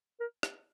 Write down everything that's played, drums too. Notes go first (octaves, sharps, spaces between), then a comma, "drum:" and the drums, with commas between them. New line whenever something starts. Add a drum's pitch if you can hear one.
A#4
drum: rim click